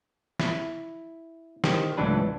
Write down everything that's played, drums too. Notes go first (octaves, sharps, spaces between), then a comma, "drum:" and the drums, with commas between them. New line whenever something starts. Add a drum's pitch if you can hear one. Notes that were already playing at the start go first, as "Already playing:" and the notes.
E4, drum: snare
D#3 G4 C5, drum: snare
C#2 A2 E3 F#3 D4 B4